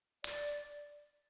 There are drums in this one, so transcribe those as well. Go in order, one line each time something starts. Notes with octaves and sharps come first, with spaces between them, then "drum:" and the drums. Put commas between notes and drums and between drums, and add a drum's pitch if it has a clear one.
D5, drum: hi-hat